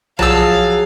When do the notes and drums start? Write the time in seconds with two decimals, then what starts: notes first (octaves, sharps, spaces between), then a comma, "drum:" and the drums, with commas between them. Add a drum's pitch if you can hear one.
0.19 F3 F#3 G#4 F5 A5 E6, drum: tom B1